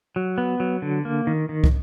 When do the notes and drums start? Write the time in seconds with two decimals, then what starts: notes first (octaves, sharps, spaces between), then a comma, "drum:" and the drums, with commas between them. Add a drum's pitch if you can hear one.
0.16 F#3
0.38 B3
0.60 F#3
0.82 D3
1.05 A#3
1.27 D#3
1.49 D#3
1.64 drum: kick